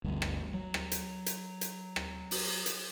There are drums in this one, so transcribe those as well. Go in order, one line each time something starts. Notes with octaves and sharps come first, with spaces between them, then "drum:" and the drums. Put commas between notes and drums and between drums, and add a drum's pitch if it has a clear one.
G1 D2 G3
drum: rim click
F#3
drum: rim click
drum: hi-hat
drum: hi-hat
drum: hi-hat
drum: rim click
drum: open hi-hat
drum: hi-hat